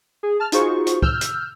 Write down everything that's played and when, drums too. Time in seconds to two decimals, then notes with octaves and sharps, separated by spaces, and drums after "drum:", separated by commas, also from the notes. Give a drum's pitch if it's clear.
0.23 G#4
0.40 A5 F6
0.52 D#4 F4 F#4 G#4 C5 C#6, drum: hi-hat
0.87 drum: hi-hat
1.02 E6 F6 G6, drum: kick
1.21 drum: hi-hat